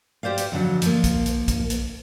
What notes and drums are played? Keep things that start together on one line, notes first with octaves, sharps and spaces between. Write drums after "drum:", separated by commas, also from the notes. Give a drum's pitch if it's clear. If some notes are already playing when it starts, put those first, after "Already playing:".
G4 C5 D5 F5
drum: hi-hat
F2 D3 F#3
F3 A#3, drum: hi-hat
drum: kick, hi-hat
drum: hi-hat
drum: kick, hi-hat
drum: hi-hat